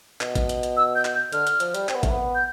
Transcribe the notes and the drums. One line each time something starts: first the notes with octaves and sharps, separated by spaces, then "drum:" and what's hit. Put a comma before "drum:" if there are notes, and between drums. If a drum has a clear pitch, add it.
B2, drum: clap
drum: kick A1, hi-hat
drum: hi-hat
drum: hi-hat
E6
G6
drum: clap
G6
D3 F6, drum: hi-hat
drum: hi-hat
F3, drum: hi-hat
G3, drum: hi-hat
C4, drum: clap
B3
A3, drum: kick A1, hi-hat
B3
G6